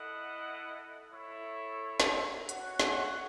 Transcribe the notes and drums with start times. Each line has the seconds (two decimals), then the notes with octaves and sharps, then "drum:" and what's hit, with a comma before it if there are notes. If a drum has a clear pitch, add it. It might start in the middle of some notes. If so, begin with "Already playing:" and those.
Already playing: E4 A4 D#5 F#5
1.10 E4 A4 C#5 E5
2.00 drum: snare
2.49 F#4 C#5 F#5, drum: hi-hat
2.80 drum: snare